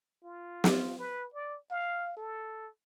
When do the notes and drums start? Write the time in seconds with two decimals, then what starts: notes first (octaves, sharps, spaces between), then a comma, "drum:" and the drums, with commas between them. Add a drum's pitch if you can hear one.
0.24 F4
0.64 drum: snare
0.99 B4
1.34 D5
1.71 F5
2.17 A4